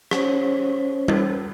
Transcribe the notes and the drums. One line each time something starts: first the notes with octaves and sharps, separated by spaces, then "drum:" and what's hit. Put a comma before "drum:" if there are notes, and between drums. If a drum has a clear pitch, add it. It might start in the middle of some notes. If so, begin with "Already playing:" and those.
C#4 C5 C#5, drum: rim click
drum: tom G3